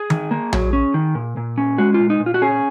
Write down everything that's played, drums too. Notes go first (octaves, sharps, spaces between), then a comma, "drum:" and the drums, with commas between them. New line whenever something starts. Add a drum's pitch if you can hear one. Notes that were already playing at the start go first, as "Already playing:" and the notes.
Already playing: G#4
D#3, drum: tom D#3
A#3
F#3, drum: tom A#1
C#4
D#3
A#2
A#2
C#4
G#3 F#4
F4
A#2
D#4
A#2
F4
F#4
C#4 G#4